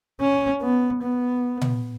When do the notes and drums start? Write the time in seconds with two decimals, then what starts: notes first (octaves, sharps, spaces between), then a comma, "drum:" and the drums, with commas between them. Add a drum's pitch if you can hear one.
0.20 C#4
0.62 B3
1.02 B3
1.61 drum: tom A#2